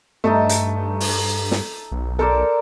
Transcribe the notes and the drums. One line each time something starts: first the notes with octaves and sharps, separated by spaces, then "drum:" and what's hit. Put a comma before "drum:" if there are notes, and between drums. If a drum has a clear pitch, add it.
G2 A3 D#4 A4 E5
drum: hi-hat
drum: open hi-hat
drum: snare
B1
A4 A#4 C5 D5